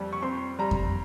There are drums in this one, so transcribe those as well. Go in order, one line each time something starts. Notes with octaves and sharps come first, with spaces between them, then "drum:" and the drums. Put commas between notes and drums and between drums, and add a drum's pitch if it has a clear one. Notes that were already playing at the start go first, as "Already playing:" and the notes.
Already playing: F2 G3
C#6
C4 C6
G3 A#5
drum: kick F2